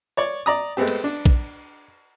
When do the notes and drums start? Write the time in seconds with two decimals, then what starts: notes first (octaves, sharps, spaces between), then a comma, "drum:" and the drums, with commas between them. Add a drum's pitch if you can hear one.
0.17 C#5 D5 C#6
0.46 D5 A#5 D#6
0.77 G#3 A3 B3 C4 G4
0.87 drum: cymbal
1.04 D4
1.26 drum: kick A#1